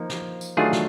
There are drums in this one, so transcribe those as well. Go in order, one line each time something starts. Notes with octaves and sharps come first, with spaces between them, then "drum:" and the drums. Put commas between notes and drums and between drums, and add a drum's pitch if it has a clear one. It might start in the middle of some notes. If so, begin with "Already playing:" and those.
Already playing: F3 A#3 D#4
drum: snare
drum: tambourine
D#3 F#3 A3 D4 F4 G#4
drum: snare